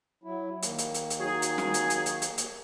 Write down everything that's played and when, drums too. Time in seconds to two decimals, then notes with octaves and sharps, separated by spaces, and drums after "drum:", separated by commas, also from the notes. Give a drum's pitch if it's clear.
0.24 F#3 E4
0.62 D#3 A#3, drum: hi-hat
0.78 drum: hi-hat
0.94 drum: hi-hat
1.10 drum: hi-hat
1.19 F#3 D#4 G#4
1.42 drum: hi-hat
1.58 drum: snare
1.74 drum: hi-hat
1.90 drum: hi-hat
2.06 drum: hi-hat
2.22 drum: hi-hat
2.38 drum: hi-hat